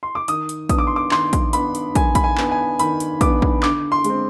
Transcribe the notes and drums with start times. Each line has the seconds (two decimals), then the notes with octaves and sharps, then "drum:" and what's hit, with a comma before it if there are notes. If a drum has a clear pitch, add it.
0.03 C6
0.15 D6
0.28 D#3 D#6, drum: hi-hat
0.49 drum: hi-hat
0.69 B3 D4 D#6, drum: kick, hi-hat
0.78 D6
0.87 C6
0.96 D6
1.11 D#3 C6, drum: clap
1.33 drum: kick, hi-hat
1.53 B3 D4 B5, drum: hi-hat
1.75 drum: hi-hat
1.95 D#3 G#5, drum: kick, hi-hat
2.15 B5, drum: kick, hi-hat
2.24 G#5
2.37 B3 D4, drum: clap
2.51 G#5
2.79 D#3 B5, drum: hi-hat
3.00 drum: hi-hat
3.21 B3 D4 D6, drum: kick, hi-hat
3.42 drum: kick
3.63 D3 D6, drum: clap
3.92 C6
4.04 G#3 C4, drum: hi-hat